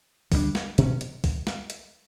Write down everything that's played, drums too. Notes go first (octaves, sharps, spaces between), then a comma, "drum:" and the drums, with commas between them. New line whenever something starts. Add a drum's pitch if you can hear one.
D3 G3 B3 D4, drum: kick, open hi-hat
drum: snare
B2 F#3 C#4, drum: hi-hat
drum: hi-hat
drum: kick, open hi-hat
drum: snare
drum: hi-hat